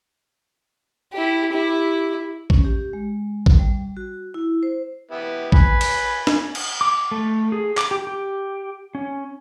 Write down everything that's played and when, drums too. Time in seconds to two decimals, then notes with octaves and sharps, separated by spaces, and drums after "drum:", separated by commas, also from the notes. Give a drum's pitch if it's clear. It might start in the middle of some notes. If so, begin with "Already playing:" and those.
1.12 E4 G4
1.52 E4 G4
2.50 C#4, drum: kick
2.65 G4
2.93 G#3
3.46 drum: kick
3.59 G3
3.97 F#4
4.34 E4
4.63 C5
5.11 B3 E4 G4
5.52 B4 G#5, drum: kick
5.81 drum: cymbal
6.27 drum: snare
6.55 drum: cymbal
6.81 D6
7.11 A3
7.52 G#4
7.77 D6, drum: clap
7.91 G4
8.07 G4
8.95 C#4